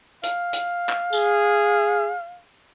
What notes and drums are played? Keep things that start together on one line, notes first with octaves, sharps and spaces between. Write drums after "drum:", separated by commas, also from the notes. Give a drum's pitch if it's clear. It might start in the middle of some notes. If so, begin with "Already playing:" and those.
F5, drum: hi-hat
drum: hi-hat
drum: clap
G#4, drum: tambourine